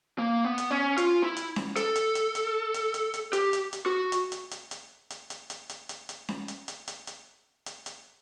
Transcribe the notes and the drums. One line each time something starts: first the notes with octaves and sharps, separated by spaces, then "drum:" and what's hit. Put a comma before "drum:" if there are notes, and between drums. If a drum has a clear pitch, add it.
A#3
B3
drum: hi-hat
C#4
F4, drum: hi-hat
E4
drum: hi-hat
drum: snare C#4
A4, drum: hi-hat
drum: hi-hat
drum: hi-hat
drum: hi-hat
drum: hi-hat
drum: hi-hat
drum: hi-hat
G4, drum: hi-hat
drum: hi-hat
drum: hi-hat
F#4
drum: hi-hat
drum: hi-hat
drum: hi-hat
drum: hi-hat
drum: hi-hat
drum: hi-hat
drum: hi-hat
drum: hi-hat
drum: hi-hat
drum: hi-hat
drum: snare C#4
drum: hi-hat
drum: hi-hat
drum: hi-hat
drum: hi-hat
drum: hi-hat
drum: hi-hat